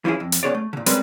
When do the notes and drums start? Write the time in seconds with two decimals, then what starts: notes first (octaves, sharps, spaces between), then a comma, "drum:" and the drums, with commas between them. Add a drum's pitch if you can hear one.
0.05 E3 F3 C#4 E4 G#4
0.20 F2
0.32 drum: hi-hat
0.43 B3 C#4 F#4 G#4 C#5 D5
0.55 A3
0.73 A#2 D3
0.86 G3 G#3 C4 C#4 A#4 B4, drum: hi-hat